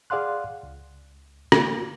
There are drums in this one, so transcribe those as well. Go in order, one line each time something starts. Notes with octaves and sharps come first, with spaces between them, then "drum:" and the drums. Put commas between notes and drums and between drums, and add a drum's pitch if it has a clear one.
G#4 D5 F5 F#5 C6 F#6
C#2
A#3, drum: rim click